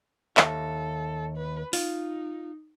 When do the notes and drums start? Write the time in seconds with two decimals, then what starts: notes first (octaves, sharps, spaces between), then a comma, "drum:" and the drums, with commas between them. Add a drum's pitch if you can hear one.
0.37 D#2 A4 E5, drum: clap
1.36 B4
1.73 D#4 F4, drum: open hi-hat